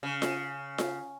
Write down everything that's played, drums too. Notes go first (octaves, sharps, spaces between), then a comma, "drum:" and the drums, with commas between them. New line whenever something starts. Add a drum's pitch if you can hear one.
C#3
drum: snare F4
drum: snare F4